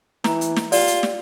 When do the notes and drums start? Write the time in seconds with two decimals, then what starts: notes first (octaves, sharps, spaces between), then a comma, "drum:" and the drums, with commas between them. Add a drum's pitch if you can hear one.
0.24 E3 A#5, drum: snare
0.41 drum: hi-hat
0.57 drum: snare
0.72 F4 G4 D5, drum: open hi-hat
0.87 drum: hi-hat
1.03 drum: snare